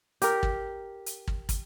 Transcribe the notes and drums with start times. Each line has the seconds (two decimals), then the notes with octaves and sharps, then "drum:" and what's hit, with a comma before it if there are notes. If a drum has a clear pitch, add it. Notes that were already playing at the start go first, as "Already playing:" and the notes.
0.22 G4 A#4, drum: hi-hat
0.43 drum: kick
1.06 drum: hi-hat
1.28 drum: kick
1.49 drum: kick, hi-hat